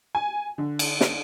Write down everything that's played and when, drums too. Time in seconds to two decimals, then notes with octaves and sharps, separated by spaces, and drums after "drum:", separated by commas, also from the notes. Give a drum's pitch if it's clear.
0.15 G#5
0.58 D3
0.79 drum: cymbal
1.01 drum: snare